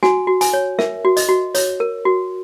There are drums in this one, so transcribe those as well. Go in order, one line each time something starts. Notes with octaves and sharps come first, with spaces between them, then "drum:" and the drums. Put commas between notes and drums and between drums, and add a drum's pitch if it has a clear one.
F#4 G#5, drum: snare
F#4
G#5, drum: hi-hat
C#5
A#4 E5, drum: snare
F#4
D#5, drum: hi-hat
F#4
C#5, drum: hi-hat
A#4
F#4